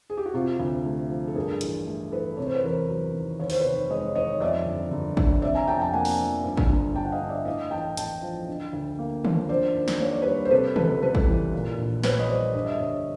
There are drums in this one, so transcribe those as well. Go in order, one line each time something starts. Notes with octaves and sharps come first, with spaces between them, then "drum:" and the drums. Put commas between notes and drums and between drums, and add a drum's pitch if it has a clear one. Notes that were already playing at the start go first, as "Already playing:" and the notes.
G#4
G4
F#4
C3 F4
D2
A3
F3
A4
G2 G#4 A#4
A1, drum: hi-hat
A3
E3 A4 B4
C3 C#5
C5
B4
E2 A#4 C5
F#3
D#3
D#2 C#5
C5, drum: open hi-hat
F1 B4 C#5
G#3 C#5 D#5
D#3 C#5 D#5
F2 D5 E5
G1
G1
D3, drum: kick
C3 D5 E5
G#5 A#5
F2 G5 A5
G5 A5
A#3 F#5 G#5
drum: open hi-hat
F3
G2
drum: kick
G1
G1 G5 A5
F#5
D#5 F5
D3
D5 E5
A2 D#5 F5
A1 G5 A5
A1 G5 A5, drum: hi-hat
F3
D3
D2
A#3
F3, drum: tom D#3
D3 C5 D5
D#2
drum: snare
A#3 C#5
D5
G3 B4 C#5
C5
C3 A4 B4
C#2 A4 B4, drum: tom D#3
G3 A4 B4
drum: kick
E3
A#2
A#1
A#1 B4 C#5, drum: snare
D#5
G3 C5 D5
G2 D#5
E5
G1 C#5 D#5